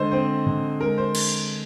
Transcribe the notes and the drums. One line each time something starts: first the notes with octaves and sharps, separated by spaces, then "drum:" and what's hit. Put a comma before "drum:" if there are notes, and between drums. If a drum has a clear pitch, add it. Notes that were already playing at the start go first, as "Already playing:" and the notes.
Already playing: D3 G#3 C5 D#5
C4 C5
D3
G#3 A#4
C5
drum: cymbal